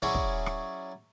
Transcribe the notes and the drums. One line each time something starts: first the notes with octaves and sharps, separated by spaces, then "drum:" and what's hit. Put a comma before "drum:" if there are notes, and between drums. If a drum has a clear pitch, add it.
F#3 C#4 E4 G#4 D5
drum: kick
drum: rim click